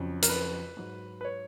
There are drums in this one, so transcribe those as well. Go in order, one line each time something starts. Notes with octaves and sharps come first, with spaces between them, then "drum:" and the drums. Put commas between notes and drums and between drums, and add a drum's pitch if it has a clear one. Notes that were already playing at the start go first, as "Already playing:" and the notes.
Already playing: F2 C#3 F#3
A#4, drum: hi-hat
B4
G#2 F#3
B4
C#5